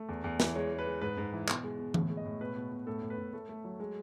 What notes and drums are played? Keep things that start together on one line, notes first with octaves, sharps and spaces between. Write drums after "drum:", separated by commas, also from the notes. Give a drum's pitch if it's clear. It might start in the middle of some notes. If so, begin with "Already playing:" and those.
Already playing: A3
E2
E2
E3, drum: snare
G#3 C#5
G#3
B4
G#3
G#2 B4
G#2
E3
B2, drum: clap
G#3
B2
A2, drum: tom E3
G#3
D#5
A2
B2 B4
B2
B2
A2 A4
A2
B4
A2
A3 A4
A3
F#3
G#3